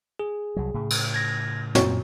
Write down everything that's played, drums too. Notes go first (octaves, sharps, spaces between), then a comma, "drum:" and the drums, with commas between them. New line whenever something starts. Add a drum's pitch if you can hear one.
G#4
C2 F#3
A2 C#3
drum: cymbal
G#6 A#6
F#2 A#2 C4 F#4 C#5, drum: snare